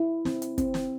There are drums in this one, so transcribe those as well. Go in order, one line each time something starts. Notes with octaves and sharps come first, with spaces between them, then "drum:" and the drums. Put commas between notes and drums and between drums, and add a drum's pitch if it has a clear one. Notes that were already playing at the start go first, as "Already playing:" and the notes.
Already playing: E4
C4, drum: snare
drum: hi-hat
C4, drum: kick, hi-hat
drum: snare